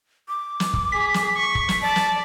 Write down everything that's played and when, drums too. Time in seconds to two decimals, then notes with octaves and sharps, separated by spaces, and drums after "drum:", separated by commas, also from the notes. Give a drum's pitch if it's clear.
0.29 D6
0.60 drum: snare
0.74 drum: kick
0.92 G#4 B6
1.14 drum: snare
1.37 C#6
1.55 drum: kick
1.69 drum: snare
1.82 D5 A5
1.96 drum: snare